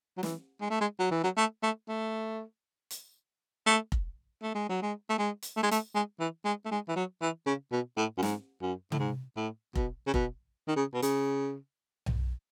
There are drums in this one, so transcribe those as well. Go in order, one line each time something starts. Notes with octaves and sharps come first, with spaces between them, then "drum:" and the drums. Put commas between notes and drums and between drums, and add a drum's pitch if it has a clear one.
F#3
E3, drum: snare
G#3
A3
G#3
F#3
E3
F#3
A3
A3
A3
drum: hi-hat
A3
drum: kick F1
A3
G#3
F#3
G#3
A3
G#3
drum: hi-hat
A3
G#3
A3, drum: hi-hat
G#3
E3
G#3
A3
G#3
E3
F#3
E3
C#3
B2
A2
F#2
G#2, drum: snare
F#2
A2, drum: tom
G#2
A2
B2, drum: kick F1
C#3
B2, drum: kick F1
D#3
C#3
B2
C#3, drum: hi-hat
drum: tom B1